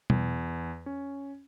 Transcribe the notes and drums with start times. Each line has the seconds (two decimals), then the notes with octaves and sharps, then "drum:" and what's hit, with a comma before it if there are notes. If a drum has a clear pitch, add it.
0.10 E2, drum: tom B2
0.86 C#4